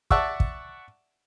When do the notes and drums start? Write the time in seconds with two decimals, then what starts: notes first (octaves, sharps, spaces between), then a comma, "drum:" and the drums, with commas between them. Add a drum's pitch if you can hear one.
0.11 D5 E5 F#5 A5 C#6 E6, drum: kick
0.40 drum: kick